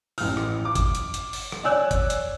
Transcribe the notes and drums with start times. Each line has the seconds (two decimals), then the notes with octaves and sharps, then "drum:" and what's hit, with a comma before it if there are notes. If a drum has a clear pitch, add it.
0.18 A1 F6, drum: open hi-hat
0.37 drum: rim click
0.65 D6
0.75 drum: kick G1, hi-hat
0.95 drum: hi-hat
1.14 drum: hi-hat
1.33 drum: open hi-hat
1.52 drum: rim click
1.63 C#5 D5 G#5 E6 F#6
1.91 drum: kick G1, hi-hat
2.10 drum: hi-hat